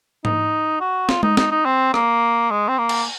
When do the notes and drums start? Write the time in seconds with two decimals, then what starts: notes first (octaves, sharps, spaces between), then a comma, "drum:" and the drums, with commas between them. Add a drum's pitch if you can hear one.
0.25 D#4, drum: tom G#2
0.80 F#4
1.09 F4, drum: snare
1.23 D#4, drum: tom G#3
1.37 D#4, drum: snare
1.51 D#4
1.65 C4
1.94 A#3, drum: rim click
2.51 G#3
2.68 C4
2.79 A#3
2.89 drum: cymbal